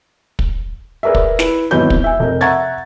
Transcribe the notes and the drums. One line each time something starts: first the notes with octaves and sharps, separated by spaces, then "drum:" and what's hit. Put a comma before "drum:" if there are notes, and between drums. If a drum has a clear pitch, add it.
drum: kick
G#4 A#4 B4 D5 E5
drum: kick
E4 B4, drum: snare
G#1 E2 F#3 E4 B4 G6
drum: kick
E5 G#5
F1 A#4
E5 F#5 A#5 C#6 G#6 A6